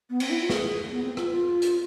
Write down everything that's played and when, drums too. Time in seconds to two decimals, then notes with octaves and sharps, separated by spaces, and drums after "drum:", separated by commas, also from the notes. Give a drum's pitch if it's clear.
0.10 B3
0.20 C4, drum: cymbal
0.30 E4
0.41 F4
0.50 G#4, drum: snare
0.91 B3
1.04 C4
1.17 F4, drum: rim click
1.30 F4
1.62 drum: hi-hat